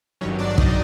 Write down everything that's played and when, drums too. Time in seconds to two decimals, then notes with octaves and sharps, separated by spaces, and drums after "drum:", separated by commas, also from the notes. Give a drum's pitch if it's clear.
0.21 G#1 G2 D#3 F#3 C#4 C#5
0.39 D4 D5
0.51 D5
0.58 D#4 D#5, drum: kick